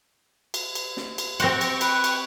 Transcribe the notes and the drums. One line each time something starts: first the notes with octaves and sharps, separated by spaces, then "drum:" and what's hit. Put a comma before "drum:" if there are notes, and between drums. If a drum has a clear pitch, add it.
drum: cymbal
drum: cymbal
drum: snare
drum: cymbal
C4 C5 F#5 G5 A#5 C#6, drum: cymbal
drum: cymbal
B4, drum: cymbal
drum: cymbal